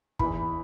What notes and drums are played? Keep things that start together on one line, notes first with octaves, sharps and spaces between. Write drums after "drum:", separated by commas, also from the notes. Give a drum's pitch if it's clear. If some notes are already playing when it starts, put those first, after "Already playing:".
E2 E3 B5, drum: kick